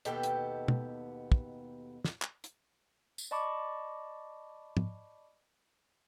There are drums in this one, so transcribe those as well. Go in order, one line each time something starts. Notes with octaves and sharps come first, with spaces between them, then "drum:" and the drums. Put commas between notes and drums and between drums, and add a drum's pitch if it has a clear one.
D#2 B2 B3 G4 A4 G5, drum: hi-hat
drum: hi-hat
drum: tom
drum: kick
drum: snare
drum: clap
drum: hi-hat
drum: tambourine
D5 D#5 A5 B5 C#6 D6
drum: tom